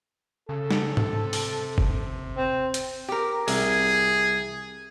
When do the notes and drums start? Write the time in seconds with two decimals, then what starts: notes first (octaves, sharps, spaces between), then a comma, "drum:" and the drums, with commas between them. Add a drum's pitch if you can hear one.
0.49 C#3 A4
0.71 drum: snare
0.97 C3, drum: tom G#2
1.33 drum: open hi-hat
1.78 drum: kick F#1
2.37 C4
2.74 drum: hi-hat
3.08 G4 A#4
3.48 C2 G#4, drum: open hi-hat